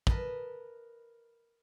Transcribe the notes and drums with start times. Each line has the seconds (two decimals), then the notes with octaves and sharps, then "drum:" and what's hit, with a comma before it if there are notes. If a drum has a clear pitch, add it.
0.07 A#4 B4 D#5 A5, drum: kick